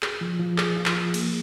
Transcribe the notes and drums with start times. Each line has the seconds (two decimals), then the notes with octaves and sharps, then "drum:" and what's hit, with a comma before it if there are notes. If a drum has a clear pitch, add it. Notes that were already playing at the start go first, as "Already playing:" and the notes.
0.02 G#4, drum: clap
0.21 F3
0.39 F3
0.58 G#4, drum: clap
0.76 F4
0.86 drum: clap
0.95 F3
1.14 A#3, drum: cymbal